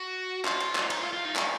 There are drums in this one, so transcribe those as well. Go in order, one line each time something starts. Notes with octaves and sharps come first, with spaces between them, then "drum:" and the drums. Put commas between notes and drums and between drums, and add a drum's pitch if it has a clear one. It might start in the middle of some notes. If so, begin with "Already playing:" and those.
Already playing: F#4
F4, drum: clap
drum: cymbal
drum: clap
D#4, drum: cymbal
F4
F4
D#4
drum: clap